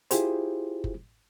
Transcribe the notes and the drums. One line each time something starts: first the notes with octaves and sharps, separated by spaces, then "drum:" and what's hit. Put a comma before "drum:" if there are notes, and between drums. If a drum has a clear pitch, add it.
E4 F4 G4 G#4 C5, drum: hi-hat
drum: kick F#1